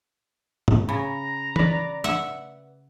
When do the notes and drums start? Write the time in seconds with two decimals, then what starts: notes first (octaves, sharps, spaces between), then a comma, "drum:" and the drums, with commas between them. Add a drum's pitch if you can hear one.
0.68 drum: tom
0.89 C#3 A#5 B5
1.56 B4 D5, drum: tom
2.04 E5 F#5